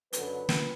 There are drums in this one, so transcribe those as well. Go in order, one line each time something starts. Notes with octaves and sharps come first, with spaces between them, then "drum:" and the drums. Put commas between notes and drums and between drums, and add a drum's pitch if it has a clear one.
F#2 D3 F#3 B4, drum: hi-hat
drum: snare